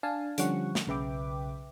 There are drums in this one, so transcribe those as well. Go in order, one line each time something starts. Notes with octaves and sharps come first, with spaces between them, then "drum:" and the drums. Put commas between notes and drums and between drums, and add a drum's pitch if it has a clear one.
D4 F5 G#5 A5
D3 F3 G3 C#4 F#5 C#6, drum: hi-hat
drum: snare
B1 C#3 B4 E5 G5 D6